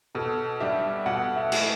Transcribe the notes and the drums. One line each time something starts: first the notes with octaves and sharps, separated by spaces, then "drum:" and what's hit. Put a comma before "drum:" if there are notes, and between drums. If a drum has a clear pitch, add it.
B2 A4
G3 D4 G4 E5
B2 F#5
E5
A3 E4 G4, drum: cymbal